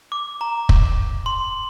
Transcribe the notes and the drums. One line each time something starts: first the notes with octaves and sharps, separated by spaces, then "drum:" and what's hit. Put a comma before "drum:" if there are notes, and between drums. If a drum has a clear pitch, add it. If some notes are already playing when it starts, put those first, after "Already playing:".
D6
A#5
drum: kick
C6